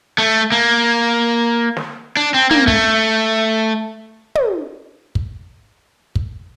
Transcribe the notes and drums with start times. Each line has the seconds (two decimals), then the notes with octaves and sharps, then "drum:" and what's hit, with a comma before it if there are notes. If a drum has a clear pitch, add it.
0.18 A3
0.52 A#3
1.77 drum: snare
2.17 D4
2.34 C4
2.51 A#3, drum: tom
2.67 A3, drum: kick
4.35 drum: tom
5.15 drum: kick
6.15 drum: kick